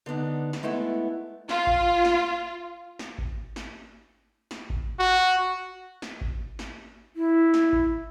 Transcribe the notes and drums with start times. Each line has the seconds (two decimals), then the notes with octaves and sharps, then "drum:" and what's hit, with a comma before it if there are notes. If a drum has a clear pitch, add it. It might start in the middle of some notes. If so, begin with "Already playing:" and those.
0.06 D3 B3 D4 D#4
0.53 drum: snare
0.63 G#3 A3 B3 E4 A4
1.49 F4, drum: snare
1.67 drum: kick G#1
2.05 drum: snare
2.99 drum: snare
3.18 drum: kick G#1
3.56 drum: snare
4.51 drum: snare
4.70 drum: kick G#1
4.99 F#4
6.02 drum: snare
6.21 drum: kick G#1
6.59 drum: snare
7.16 E4
7.54 drum: snare
7.73 drum: kick G#1